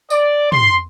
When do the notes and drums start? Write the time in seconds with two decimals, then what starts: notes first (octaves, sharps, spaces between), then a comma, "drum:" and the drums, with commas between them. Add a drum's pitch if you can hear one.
0.10 D5, drum: tambourine
0.52 C6, drum: tom